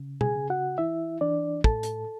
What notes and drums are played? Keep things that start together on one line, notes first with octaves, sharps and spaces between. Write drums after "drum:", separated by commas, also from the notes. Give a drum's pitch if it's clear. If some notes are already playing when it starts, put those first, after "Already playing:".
Already playing: C#3
G#4 G#5, drum: tom B2
C#3
F#4 F#5
E3 E4 E5
E3 D4 D5
A2 A4 A5, drum: kick
drum: hi-hat